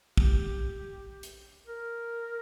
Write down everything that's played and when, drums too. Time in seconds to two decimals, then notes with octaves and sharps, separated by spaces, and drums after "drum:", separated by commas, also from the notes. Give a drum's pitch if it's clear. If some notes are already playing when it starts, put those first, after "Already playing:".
0.18 G4, drum: kick
1.23 drum: hi-hat
1.67 A#4